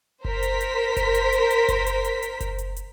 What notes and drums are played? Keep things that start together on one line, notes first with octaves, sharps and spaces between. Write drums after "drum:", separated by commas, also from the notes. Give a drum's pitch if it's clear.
A#4 C5 B6, drum: kick F#1
drum: hi-hat
drum: hi-hat
drum: kick F#1, hi-hat
drum: hi-hat
drum: hi-hat
drum: hi-hat
drum: kick F#1, hi-hat
drum: hi-hat
drum: hi-hat
drum: hi-hat
drum: kick F#1, hi-hat
drum: hi-hat
drum: hi-hat